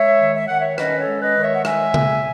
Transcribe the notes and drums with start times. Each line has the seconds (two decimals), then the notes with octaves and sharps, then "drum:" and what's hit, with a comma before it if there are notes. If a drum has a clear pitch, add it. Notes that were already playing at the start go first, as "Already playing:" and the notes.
Already playing: G#3 C#5 E5
0.20 D#3
0.35 E5
0.48 D#3 F#5
0.60 C#5 E5
0.78 C#4 B4 D#5, drum: rim click
1.00 A4 C#5
1.07 G#3
1.22 B4 D#5
1.37 D#3
1.43 C#5 E5
1.55 F#5
1.65 G#3 E5 G#5, drum: rim click
1.94 C#3, drum: tom C#3